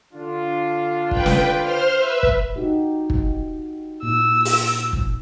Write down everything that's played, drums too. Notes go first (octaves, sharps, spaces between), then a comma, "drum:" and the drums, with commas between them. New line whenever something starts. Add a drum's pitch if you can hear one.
D3 D4 F4
B4 G5, drum: kick
drum: snare
C5 C6 F6
B4 E5
drum: kick
D#4 F#4 G4
drum: kick
A#2 E6
drum: open hi-hat
drum: kick